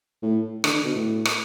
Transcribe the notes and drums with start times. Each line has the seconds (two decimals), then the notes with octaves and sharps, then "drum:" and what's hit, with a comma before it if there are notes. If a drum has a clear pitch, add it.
0.23 A2
0.64 D3, drum: rim click
0.74 D3
0.84 B2
0.95 A2
1.25 drum: rim click